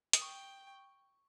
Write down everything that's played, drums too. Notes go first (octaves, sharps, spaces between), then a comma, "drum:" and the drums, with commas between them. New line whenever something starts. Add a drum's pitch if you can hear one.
D#6, drum: hi-hat
G5 C#6